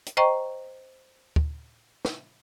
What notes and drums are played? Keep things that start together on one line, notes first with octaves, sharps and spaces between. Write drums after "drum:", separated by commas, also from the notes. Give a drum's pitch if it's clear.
drum: hi-hat
C5 D#5 G5 A#5 C#6
drum: kick D2
drum: snare